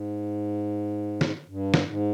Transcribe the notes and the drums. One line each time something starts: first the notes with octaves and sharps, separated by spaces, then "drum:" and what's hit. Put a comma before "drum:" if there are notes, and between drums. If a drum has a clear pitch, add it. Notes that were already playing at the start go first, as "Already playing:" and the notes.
Already playing: G#2
drum: snare
G2
drum: snare
G#2